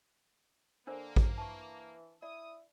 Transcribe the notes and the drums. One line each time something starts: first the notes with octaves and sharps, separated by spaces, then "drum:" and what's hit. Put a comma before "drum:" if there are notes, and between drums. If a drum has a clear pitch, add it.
D3 A#3 D4 A#4 C5
drum: kick A1
E3 A5 C#6
E4 D5 D#6